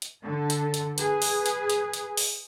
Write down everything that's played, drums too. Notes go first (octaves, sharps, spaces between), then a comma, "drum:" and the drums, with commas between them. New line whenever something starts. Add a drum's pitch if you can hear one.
drum: hi-hat
D3 A4
drum: hi-hat
drum: hi-hat
G#4 B4, drum: hi-hat
drum: open hi-hat
drum: hi-hat
drum: hi-hat
drum: hi-hat
drum: open hi-hat